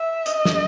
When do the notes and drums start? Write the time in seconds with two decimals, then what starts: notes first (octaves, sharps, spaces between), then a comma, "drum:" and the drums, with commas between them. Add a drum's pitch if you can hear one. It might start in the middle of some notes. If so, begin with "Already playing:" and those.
Already playing: E5
0.26 D#5, drum: hi-hat
0.45 drum: snare